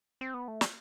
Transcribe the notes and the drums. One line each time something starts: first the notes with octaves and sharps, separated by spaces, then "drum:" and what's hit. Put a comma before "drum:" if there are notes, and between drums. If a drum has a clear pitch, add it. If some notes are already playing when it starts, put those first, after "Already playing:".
C4
B3
A3
G3, drum: snare